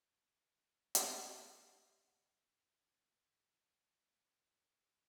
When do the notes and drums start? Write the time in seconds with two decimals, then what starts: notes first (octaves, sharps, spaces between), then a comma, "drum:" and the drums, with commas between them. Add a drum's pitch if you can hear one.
0.50 F4
0.55 F#4
0.95 drum: hi-hat
2.34 G4
2.79 D4
2.88 C#4
2.97 C4
3.05 C#4
3.16 C#4
3.24 C4